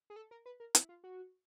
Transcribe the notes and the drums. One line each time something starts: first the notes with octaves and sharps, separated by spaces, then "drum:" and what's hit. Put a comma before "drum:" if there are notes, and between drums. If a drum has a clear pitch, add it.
G#4
A4
A#4
B4
A#4
E4, drum: hi-hat
F4
F#4